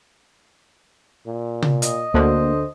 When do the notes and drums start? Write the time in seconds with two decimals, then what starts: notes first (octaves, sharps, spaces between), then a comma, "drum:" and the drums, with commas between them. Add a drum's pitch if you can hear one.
1.26 A#2
1.62 drum: tom C3
1.82 D#5, drum: hi-hat
2.14 D2 D3 A#3 C5